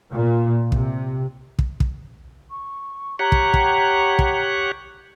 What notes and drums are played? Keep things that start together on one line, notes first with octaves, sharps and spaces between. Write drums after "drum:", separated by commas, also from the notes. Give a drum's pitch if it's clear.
A#2
C3, drum: kick
drum: kick
drum: kick
C#6
G4 C#5 F#5 A#5
drum: kick
drum: kick
drum: kick